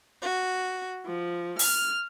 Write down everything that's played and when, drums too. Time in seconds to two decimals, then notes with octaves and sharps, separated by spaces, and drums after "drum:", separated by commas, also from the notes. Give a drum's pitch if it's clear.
0.23 F#4
1.06 F3
1.59 F6, drum: open hi-hat